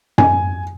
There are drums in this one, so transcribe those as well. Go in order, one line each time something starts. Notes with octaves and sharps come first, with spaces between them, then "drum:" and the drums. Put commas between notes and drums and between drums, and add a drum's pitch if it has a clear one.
G#5, drum: tom F#2